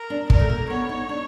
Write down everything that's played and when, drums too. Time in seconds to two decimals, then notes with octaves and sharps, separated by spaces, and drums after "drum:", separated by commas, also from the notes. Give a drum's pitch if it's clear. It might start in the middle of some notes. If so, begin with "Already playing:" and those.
Already playing: A#4
0.10 D4
0.30 A#4, drum: kick
0.40 A3
0.50 A#3
0.69 B3 C#5
0.89 D#4
1.09 D4